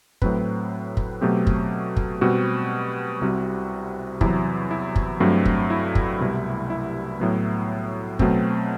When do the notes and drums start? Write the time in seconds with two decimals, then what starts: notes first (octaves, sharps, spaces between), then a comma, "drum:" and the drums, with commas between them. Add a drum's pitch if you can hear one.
0.22 A2 F#3 C4 B4, drum: kick
0.97 drum: kick
1.21 B2 F#3 A3 C4 G4
1.47 drum: kick
1.97 drum: kick
2.21 B2 G3 C4 F#4
3.21 C2 C3 G3 C4 F#4
4.21 E2 C3 F#3 E4, drum: kick
4.71 E4
4.96 drum: kick
5.20 G2 F#3 A3 C4
5.45 drum: kick
5.70 E4
5.95 drum: kick
6.20 C2 B2 G3
6.70 E4
7.20 A2 F#3 B3
8.19 B2 F#3 A3 C4, drum: kick